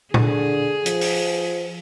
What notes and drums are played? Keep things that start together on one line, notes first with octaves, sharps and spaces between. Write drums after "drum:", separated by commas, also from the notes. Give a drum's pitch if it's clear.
D3 G#4, drum: tom A#2
F3, drum: hi-hat
drum: open hi-hat